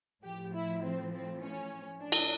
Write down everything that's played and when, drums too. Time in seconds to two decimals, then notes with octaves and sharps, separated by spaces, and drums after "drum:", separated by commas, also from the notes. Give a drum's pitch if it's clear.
0.23 A2 F3 G4
0.53 E4
0.82 C4
1.12 C4
1.42 C#4
2.00 D4
2.12 drum: cymbal